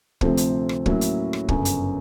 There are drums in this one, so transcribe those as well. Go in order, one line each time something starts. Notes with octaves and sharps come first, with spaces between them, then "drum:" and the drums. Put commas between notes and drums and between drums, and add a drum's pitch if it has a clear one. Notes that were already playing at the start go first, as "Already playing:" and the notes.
D2 C3 F3 A3 C4, drum: kick
drum: hi-hat
drum: rim click
A2 F#3 A#3 C#4 E4, drum: kick
drum: hi-hat
drum: rim click
G1 F#2 C#3, drum: kick
drum: hi-hat